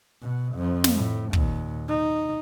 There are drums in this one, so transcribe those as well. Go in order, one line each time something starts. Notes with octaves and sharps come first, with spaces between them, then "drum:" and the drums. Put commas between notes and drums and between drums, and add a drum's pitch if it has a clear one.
B2
F2 F3
drum: snare
A2
D#2 A#2, drum: kick
D#4